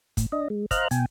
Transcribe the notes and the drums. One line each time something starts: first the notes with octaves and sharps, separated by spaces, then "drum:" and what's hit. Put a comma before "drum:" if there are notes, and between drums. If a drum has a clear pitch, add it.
A2, drum: kick, hi-hat
D4 D#5
G#3
C5 D#5 F5 A#5 F6 F#6, drum: kick, hi-hat
B2 G5 G#5, drum: hi-hat